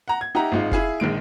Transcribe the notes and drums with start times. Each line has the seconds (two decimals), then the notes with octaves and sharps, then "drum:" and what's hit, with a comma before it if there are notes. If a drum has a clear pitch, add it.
0.08 F#5 A#5
0.21 G#6
0.35 D#4 G4 E5 F#5 A#5
0.52 G#1 G#3 D#4 F4
0.71 E4 G#4 F5, drum: kick F1
1.00 A#1 D#3 G#3 D7